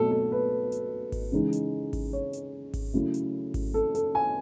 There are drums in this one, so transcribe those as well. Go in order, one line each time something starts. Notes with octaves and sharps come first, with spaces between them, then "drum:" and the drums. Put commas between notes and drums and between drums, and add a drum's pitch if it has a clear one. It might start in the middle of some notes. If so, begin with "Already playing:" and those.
Already playing: B2 F#3 A3 A4
A4
B4
drum: hi-hat
drum: kick G#1, open hi-hat
C#3 E3 G#3 D#4
drum: hi-hat
drum: kick G#1, open hi-hat
C#5
drum: hi-hat
drum: kick G#1, open hi-hat
C#3 F#3 A3 E4
drum: hi-hat
drum: kick G#1, open hi-hat
A4
A4, drum: hi-hat
G#5